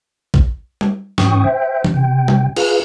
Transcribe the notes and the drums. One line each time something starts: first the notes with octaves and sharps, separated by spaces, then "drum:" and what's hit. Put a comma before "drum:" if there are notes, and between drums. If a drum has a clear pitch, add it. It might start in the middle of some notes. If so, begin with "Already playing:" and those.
drum: kick
drum: tom
G#2 E3 C#4 G5 C#6 D#6, drum: snare
C5 E5 G5
drum: tom E3
C3 G5
drum: tom
F4 G#4 B4 F5, drum: cymbal